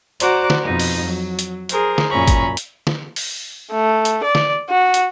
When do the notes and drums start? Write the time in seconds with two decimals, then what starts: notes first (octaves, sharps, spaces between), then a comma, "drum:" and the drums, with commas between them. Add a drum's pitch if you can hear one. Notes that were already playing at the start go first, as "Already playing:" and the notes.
0.20 F#4 C5 D5 F#5 A#5 D6, drum: hi-hat
0.50 drum: snare
0.62 F2 B2 D#4
0.79 drum: open hi-hat
1.04 F#3
1.39 drum: hi-hat
1.69 G#4 A#4 C5, drum: hi-hat
1.98 drum: snare
2.09 F#2 A#2 C#4 A#5 B5 C#6
2.28 drum: kick, hi-hat
2.57 drum: hi-hat
2.87 drum: snare
3.16 drum: open hi-hat
3.72 A3
4.05 drum: hi-hat
4.23 D5
4.35 drum: snare
4.70 F#4
4.94 drum: hi-hat